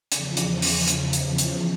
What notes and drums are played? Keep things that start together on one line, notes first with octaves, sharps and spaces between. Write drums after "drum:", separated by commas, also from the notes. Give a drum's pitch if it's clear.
E2 C#3 F3, drum: hi-hat
drum: hi-hat
drum: open hi-hat
drum: hi-hat
drum: hi-hat
drum: hi-hat